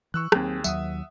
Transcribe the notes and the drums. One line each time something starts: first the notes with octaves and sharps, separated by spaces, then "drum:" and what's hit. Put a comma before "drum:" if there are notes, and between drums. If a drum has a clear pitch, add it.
E3 C#6 E6 F#6
D#2 F#3 C4 G#4 G5, drum: rim click
D#2 F#3 E5 F#5 D#6, drum: tambourine